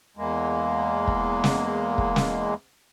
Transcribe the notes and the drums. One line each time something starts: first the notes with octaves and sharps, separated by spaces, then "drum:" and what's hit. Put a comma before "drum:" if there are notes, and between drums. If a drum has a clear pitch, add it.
E2 G#3 A#3
drum: kick
drum: snare
drum: kick
drum: snare